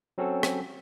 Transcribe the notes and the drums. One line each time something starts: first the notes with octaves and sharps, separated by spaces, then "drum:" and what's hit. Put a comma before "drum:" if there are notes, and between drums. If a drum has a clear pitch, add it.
F#3 C4 C#4 F#4 A4
drum: rim click